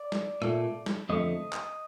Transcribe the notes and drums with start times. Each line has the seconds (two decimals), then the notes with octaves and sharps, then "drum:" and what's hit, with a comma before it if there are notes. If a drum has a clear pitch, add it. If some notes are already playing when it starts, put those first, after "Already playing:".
Already playing: D5
0.12 drum: snare
0.42 A#2 A3, drum: rim click
0.86 drum: snare
1.09 F2 D3 F3 A3 D#5
1.53 drum: clap